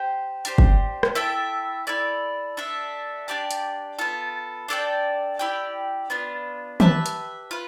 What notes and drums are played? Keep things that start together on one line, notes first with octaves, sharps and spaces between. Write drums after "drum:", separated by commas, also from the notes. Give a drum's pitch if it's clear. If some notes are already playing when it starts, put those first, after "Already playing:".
Already playing: G4 C5 G5
D4 G4 C5, drum: hi-hat
drum: kick G1
drum: rim click
E4 A4 E5 G5
E4 A4 D5
D4 A4 E5
D4 G4 D5 A5
drum: hi-hat
B3 F4 A4
D4 A4 D5 G5
E4 G4 D5 G5
B3 D4 F4
G4 B4 E5 A5, drum: tom D#3
drum: hi-hat
F4 B4